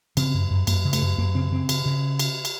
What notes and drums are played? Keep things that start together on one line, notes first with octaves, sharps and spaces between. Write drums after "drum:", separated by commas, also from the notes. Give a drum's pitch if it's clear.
C#3 C4, drum: cymbal
F#2
F#2
F#2 A#3, drum: cymbal
C#3
A3, drum: cymbal
F#2
F#2 A#3
C#3 C4
C#3 C4
C#3, drum: cymbal
C#3
drum: cymbal
drum: cymbal